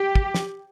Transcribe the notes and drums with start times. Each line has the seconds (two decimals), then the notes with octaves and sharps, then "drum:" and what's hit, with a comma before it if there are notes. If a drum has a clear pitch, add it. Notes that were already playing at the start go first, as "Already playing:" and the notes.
Already playing: G4
0.15 drum: kick
0.34 drum: snare